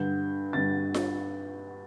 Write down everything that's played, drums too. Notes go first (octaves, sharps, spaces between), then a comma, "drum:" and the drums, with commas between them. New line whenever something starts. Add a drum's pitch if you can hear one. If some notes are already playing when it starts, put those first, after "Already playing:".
Already playing: G2 D3 G6
G2 D3 A6
drum: snare F4